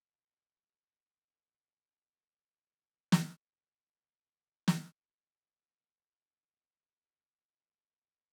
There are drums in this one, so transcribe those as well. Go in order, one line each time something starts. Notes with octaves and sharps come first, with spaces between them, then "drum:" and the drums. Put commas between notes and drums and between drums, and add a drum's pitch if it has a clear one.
G#1 G#2 D#3 G3 F4
G#4
drum: snare
C2 A#2 G#3 A#4
G#4
A#4
C5
drum: snare
D#5
G5
G2 F3 C4
G#5
G5
F5
G4
G#4